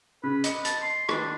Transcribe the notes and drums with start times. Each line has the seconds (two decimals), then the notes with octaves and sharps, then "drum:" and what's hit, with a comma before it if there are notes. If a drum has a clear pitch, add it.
0.24 C#3 B4
0.44 D#5 D6 C#7, drum: hi-hat
0.65 A5, drum: hi-hat
0.82 C6
1.09 D#3 D4 B4, drum: rim click